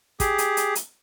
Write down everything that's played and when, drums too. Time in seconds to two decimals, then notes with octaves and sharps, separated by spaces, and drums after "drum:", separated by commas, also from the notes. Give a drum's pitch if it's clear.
0.20 G4 G#4, drum: kick, hi-hat
0.38 drum: hi-hat
0.57 drum: hi-hat
0.75 drum: hi-hat